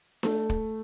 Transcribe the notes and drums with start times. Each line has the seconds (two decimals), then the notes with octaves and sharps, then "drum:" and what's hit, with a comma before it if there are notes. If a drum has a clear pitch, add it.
0.23 A3, drum: snare D4
0.50 drum: kick